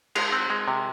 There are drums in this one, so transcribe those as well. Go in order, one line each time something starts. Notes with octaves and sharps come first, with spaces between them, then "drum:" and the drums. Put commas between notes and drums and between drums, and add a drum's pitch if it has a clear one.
G#3 F5, drum: cymbal
C4
G#3
C3